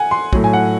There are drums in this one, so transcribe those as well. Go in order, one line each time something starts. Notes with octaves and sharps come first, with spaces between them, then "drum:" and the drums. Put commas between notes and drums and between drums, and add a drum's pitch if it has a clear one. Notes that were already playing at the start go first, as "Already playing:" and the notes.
Already playing: F#5 G#5
C6
A2 F#3, drum: kick
G#5
F#5